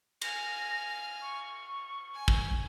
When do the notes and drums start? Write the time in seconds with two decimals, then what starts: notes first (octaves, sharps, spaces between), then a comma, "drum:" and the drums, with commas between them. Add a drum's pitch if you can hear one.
0.22 F5 G#5 A#6, drum: cymbal
1.21 C#6
2.14 G#5
2.28 drum: kick